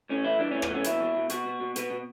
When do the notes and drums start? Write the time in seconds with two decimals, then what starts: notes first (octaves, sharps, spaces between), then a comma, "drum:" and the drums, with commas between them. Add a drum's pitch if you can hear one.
0.09 A2 C#4
0.24 E3 E4
0.39 E3 D4
0.51 A2 C#4
0.62 B3, drum: rim click
0.70 E3 C#4
0.84 B2 E4, drum: hi-hat
1.00 B2
1.15 B2
1.30 B2 F#4, drum: hi-hat
1.46 B2
1.60 B2
1.76 B2 B3, drum: hi-hat
1.90 B2